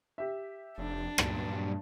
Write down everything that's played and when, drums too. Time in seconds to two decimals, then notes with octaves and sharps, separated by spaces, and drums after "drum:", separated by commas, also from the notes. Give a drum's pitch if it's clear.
0.18 G4 E5
0.78 F1 D4
1.18 G2 A#2 F#3, drum: rim click